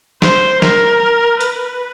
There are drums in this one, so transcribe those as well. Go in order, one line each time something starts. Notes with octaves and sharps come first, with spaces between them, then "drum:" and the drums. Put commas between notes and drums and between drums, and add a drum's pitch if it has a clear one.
C5, drum: snare
A#4, drum: snare
B4, drum: hi-hat